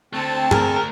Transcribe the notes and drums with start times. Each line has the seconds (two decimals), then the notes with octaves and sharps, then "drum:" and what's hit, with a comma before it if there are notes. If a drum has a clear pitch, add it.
0.13 D2 A3 C4 A5
0.51 G#4 A#4, drum: tom G2